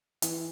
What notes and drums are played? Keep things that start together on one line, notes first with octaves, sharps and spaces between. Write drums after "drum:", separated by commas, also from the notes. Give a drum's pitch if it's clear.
E3, drum: hi-hat